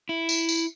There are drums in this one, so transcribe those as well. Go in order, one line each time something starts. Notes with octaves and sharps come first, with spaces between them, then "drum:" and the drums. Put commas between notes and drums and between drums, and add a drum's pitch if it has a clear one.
E4
drum: tambourine
drum: tambourine